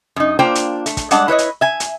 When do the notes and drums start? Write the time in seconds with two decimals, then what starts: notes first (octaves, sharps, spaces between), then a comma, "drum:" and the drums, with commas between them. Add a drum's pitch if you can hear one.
0.16 F#2 D#4
0.39 A#3 D4 F4 C5 G5
0.55 drum: hi-hat
0.86 A3, drum: hi-hat
0.97 drum: kick, hi-hat
1.11 G3 G#3 D4 F#5 A5, drum: hi-hat
1.28 E4 B4 C#5 D#5
1.38 drum: hi-hat
1.61 E5 G#5
1.80 drum: hi-hat